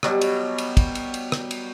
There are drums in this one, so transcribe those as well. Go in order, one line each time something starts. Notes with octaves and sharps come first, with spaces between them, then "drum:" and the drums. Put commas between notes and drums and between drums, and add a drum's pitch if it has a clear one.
B2 F#3 G3, drum: rim click
drum: cymbal
drum: cymbal
drum: kick, cymbal
drum: cymbal
drum: cymbal
drum: rim click
drum: cymbal